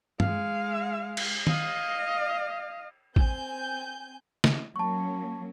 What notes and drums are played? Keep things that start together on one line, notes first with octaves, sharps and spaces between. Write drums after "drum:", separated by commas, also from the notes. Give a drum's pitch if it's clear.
G#3 F5, drum: tom G2
drum: cymbal
D#5 F5, drum: tom
C4 G#5 G6, drum: kick A1
drum: snare
F#3 A#3 C#4 A5 C#6